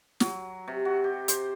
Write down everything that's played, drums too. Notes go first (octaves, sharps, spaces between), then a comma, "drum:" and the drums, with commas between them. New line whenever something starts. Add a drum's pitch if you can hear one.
F#3, drum: snare
C3
F#4
G4
C5, drum: hi-hat